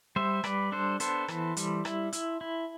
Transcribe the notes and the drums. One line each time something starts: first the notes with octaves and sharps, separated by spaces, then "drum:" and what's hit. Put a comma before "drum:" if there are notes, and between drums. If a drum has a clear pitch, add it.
G3 C5 E5
G3 B4 D5, drum: rim click
D4 A4 C5
B3 A4 C5, drum: hi-hat
E3, drum: rim click
G3, drum: hi-hat
E4, drum: rim click
E4, drum: hi-hat
E4